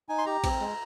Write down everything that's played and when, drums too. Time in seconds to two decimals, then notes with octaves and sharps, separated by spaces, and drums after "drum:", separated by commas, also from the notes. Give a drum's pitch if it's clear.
0.09 D#4 G#5
0.18 C6
0.26 G4 A#5
0.44 C4, drum: kick A#1, cymbal
0.60 G#3